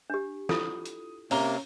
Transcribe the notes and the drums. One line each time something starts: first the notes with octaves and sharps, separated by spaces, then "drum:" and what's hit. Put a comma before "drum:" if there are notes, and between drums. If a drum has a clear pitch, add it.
D4 G4
E4 F4 A4 D#6, drum: snare
drum: hi-hat
C3 A#3 C#4 A#5 G7, drum: open hi-hat